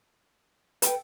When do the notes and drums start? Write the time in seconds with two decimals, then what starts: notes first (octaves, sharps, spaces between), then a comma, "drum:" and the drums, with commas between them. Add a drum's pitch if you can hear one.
0.82 A4 B4 G5, drum: hi-hat